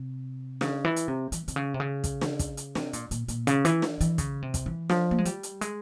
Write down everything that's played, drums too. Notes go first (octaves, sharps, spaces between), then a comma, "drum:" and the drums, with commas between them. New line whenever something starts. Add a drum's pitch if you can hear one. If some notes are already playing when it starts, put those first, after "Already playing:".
Already playing: C3
C#3, drum: snare
E3
drum: hi-hat
C3
E3, drum: hi-hat
C3, drum: hi-hat
C#3
C3
C#3
drum: kick, hi-hat
drum: snare
drum: kick, hi-hat
drum: hi-hat
C3, drum: snare
A#2, drum: hi-hat
A#2, drum: hi-hat
A#2, drum: hi-hat
C#3, drum: hi-hat
E3, drum: hi-hat
drum: snare
E3, drum: hi-hat
C#3, drum: kick, hi-hat
C3
drum: kick, hi-hat
E3
F3, drum: snare
A#3
G#3
G3, drum: hi-hat
drum: hi-hat
G#3, drum: hi-hat